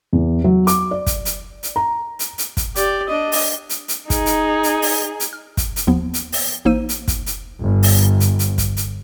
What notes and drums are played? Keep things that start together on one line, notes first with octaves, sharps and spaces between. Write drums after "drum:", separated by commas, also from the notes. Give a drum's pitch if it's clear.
E2
F#3
D6, drum: hi-hat
D5
drum: kick, hi-hat
drum: hi-hat
drum: hi-hat
A#5
drum: hi-hat
drum: hi-hat
drum: kick, hi-hat
G4 D5, drum: hi-hat
D4 D#5
drum: open hi-hat
drum: hi-hat
drum: hi-hat
D#4 G#4, drum: kick, hi-hat
drum: hi-hat
drum: hi-hat
drum: open hi-hat
drum: hi-hat
F6
drum: kick, hi-hat
drum: hi-hat
D#2 F3 B3
drum: hi-hat
drum: open hi-hat
A1 A#3 D#4 C5 E6 D#7
drum: hi-hat
drum: kick, hi-hat
drum: hi-hat
G1
drum: open hi-hat
drum: hi-hat
drum: hi-hat
drum: kick, hi-hat
drum: hi-hat